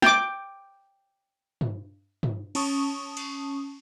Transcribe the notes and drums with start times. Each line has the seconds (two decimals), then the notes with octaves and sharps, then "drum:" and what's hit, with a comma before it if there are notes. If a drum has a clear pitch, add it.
0.02 G5 D6, drum: snare
1.61 drum: tom
2.23 drum: tom
2.55 C#4 A5 C#6 D#6, drum: cymbal
3.17 drum: cymbal